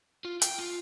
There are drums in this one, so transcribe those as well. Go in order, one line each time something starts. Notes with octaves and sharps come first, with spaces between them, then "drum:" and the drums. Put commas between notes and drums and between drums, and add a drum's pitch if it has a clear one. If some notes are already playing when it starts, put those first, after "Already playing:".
F4
G5, drum: hi-hat
F4